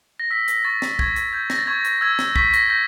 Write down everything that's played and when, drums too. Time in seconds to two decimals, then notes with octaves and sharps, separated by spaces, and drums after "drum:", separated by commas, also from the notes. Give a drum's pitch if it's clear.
0.20 A#6
0.31 E6 B6
0.48 drum: hi-hat
0.64 C#6 A6
0.82 drum: snare
0.99 C#6 G#6, drum: kick
1.16 drum: hi-hat
1.33 G6 G#6
1.50 A#6, drum: snare
1.58 A6
1.67 C#6 G#6
1.85 drum: hi-hat
2.01 E6 G#6
2.19 drum: snare
2.36 C#6 B6, drum: kick
2.53 A#6, drum: hi-hat
2.70 G6 A#6